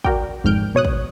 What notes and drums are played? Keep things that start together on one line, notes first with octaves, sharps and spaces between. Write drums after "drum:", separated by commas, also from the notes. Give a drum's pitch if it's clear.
F#4 A#4 D5 G5, drum: kick
G#1 F2 G#2 F6 G6 D7
B2 C#5 D#6 F#6
drum: kick